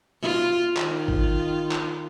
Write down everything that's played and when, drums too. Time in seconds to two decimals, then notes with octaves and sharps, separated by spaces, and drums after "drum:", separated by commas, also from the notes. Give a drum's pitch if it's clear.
0.21 F4
0.77 D#3 F4, drum: clap
1.08 drum: kick
1.71 drum: clap